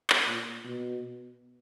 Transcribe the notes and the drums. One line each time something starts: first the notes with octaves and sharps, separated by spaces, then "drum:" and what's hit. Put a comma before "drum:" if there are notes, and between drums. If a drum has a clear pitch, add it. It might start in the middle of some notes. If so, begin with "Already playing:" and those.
drum: clap
A#2
B2